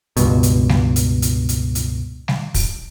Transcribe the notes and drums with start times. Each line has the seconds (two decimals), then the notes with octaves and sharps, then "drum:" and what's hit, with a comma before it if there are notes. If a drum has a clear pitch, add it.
0.17 C#2 G2 B2, drum: hi-hat
0.43 drum: hi-hat
0.69 drum: snare G3
0.96 drum: hi-hat
1.22 drum: hi-hat
1.49 drum: hi-hat
1.75 drum: hi-hat
2.28 drum: snare G3
2.54 drum: kick, open hi-hat